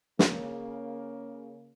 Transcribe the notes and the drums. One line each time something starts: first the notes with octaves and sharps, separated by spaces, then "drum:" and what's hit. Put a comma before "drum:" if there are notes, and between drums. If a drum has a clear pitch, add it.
C#3 A#3, drum: snare